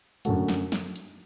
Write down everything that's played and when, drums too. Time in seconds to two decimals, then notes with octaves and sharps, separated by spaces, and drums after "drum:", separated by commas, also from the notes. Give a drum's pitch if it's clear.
0.25 F#2 D3 A3 F#4 A4, drum: hi-hat
0.48 drum: snare
0.72 drum: snare
0.96 drum: hi-hat